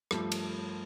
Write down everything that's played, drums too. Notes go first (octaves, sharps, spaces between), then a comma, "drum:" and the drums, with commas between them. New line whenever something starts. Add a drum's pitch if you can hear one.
G2 F3 A3, drum: rim click
drum: cymbal